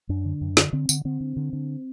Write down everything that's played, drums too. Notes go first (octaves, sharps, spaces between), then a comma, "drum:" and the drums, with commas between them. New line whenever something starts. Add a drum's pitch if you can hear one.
F#2 D4
D3
F#2
D3, drum: snare
D3 C4
D3, drum: tambourine
D3 C4
D3
D3
D3